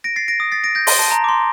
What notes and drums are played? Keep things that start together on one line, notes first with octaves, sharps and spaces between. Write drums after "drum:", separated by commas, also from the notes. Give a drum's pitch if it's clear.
A#6 D7
A6 C7
A#6 D7
D#6
A6 C7
A#6 D7
G6 A#6
C6, drum: open hi-hat
A5
A#5
D6
C6